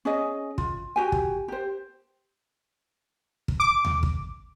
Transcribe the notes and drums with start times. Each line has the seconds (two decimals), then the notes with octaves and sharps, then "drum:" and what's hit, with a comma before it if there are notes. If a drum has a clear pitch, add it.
0.05 C#4 G#4 D#5
0.58 F4, drum: kick
0.96 F#4 G4 G#5
1.12 drum: kick
1.48 G4 C5
3.48 drum: kick
3.60 D6
3.85 drum: tom D#2
4.03 drum: kick